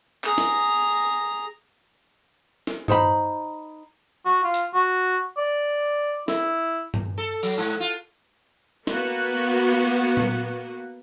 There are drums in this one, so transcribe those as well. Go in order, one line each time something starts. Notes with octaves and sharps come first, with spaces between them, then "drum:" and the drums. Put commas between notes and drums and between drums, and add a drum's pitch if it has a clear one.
G#4 A#5, drum: clap
drum: snare
drum: snare
D#4 C5 A#5 B5, drum: tom G2
F#4
F4
drum: hi-hat
F#4
D5
E4, drum: snare
drum: tom G2
A4
F#3, drum: open hi-hat
G#2
F4
A#3 B3 F#4, drum: snare
drum: tom